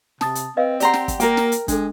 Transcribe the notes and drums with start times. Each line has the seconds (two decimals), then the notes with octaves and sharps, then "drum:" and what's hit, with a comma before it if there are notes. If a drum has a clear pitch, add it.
0.21 C3 A5 D#6 A6, drum: snare
0.35 drum: hi-hat
0.57 C4 B4 D#5 F5
0.80 G4 D5 F#5 A#5 C6, drum: hi-hat
0.94 drum: snare
1.08 drum: kick, hi-hat
1.20 A#3 A#4 G5, drum: hi-hat
1.37 drum: snare
1.52 drum: hi-hat
1.68 G#3 D4 A4, drum: kick, hi-hat